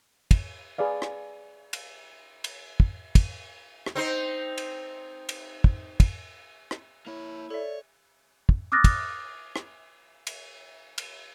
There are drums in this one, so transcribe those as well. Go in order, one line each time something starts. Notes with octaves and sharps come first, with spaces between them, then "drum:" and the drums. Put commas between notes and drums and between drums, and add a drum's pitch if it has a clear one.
drum: kick, cymbal
G#4 B4 D5 F5
drum: rim click
drum: cymbal
drum: cymbal
drum: kick
drum: kick, cymbal
drum: rim click
C4 D#4 C5
drum: cymbal
drum: cymbal
drum: kick
drum: kick, cymbal
drum: rim click
A#3 E4 C#5
A4 C#5 D5 E5
drum: kick
D6 D#6 F6 F#6 A6 A#6
drum: kick, cymbal
drum: rim click
drum: cymbal
drum: cymbal